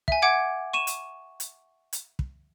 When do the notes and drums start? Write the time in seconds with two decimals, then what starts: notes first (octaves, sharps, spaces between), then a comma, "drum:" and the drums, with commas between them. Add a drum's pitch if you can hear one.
0.08 E5 G#5, drum: kick
0.22 F#5 D6 G#6 D7
0.73 C#6 D#7 E7
0.87 drum: hi-hat
1.40 drum: hi-hat
1.93 drum: hi-hat
2.19 drum: kick